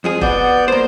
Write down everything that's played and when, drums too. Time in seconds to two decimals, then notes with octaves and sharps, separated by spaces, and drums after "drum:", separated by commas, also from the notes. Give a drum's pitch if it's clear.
0.04 F2 F3 G#4
0.21 B3 F#4 D5 G6, drum: kick F1
0.68 A#3 C5